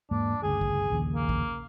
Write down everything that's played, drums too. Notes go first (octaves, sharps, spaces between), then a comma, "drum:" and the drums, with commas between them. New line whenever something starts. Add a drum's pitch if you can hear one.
E2 G#2 A#3 D4
G1 D2 C#3 G#4
drum: kick A1
A#1 D#2 C#3
A#3
drum: kick A1